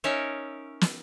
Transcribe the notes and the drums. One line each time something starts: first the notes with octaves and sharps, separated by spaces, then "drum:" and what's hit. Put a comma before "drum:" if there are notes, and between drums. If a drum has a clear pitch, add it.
C#4 D#4 A#4 C#5 E5
drum: snare